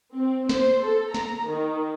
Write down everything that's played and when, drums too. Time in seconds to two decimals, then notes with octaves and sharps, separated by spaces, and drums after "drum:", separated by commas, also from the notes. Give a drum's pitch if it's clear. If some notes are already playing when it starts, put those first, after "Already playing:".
0.15 C4
0.49 C5, drum: snare
0.84 A4
1.14 A#5, drum: snare
1.49 D#3